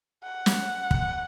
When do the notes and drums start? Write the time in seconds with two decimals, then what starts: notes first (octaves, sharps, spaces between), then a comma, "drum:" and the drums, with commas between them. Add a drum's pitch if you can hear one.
0.24 F#5
0.46 drum: snare
0.91 drum: kick